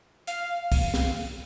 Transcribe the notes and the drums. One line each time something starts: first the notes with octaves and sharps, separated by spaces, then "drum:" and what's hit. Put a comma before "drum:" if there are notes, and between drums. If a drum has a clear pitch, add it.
F5, drum: hi-hat
drum: kick, open hi-hat
drum: snare